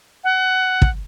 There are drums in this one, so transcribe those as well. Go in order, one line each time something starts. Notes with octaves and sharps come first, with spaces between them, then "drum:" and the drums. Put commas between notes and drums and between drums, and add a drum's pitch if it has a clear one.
F#5
drum: kick